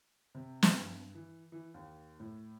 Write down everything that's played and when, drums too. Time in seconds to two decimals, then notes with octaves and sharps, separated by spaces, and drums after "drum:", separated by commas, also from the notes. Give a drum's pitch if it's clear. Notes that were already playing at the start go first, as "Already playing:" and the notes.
0.35 C3
0.63 C3, drum: snare
0.78 G2
1.15 E3
1.52 E3
1.74 D#2
2.20 A2